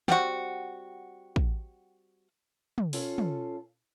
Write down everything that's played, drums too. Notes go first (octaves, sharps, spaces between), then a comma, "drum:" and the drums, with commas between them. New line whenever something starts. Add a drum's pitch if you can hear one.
G3 C4 F#4 F#5 G5, drum: snare
drum: kick
drum: tom
C#4 F4 A4, drum: open hi-hat
drum: tom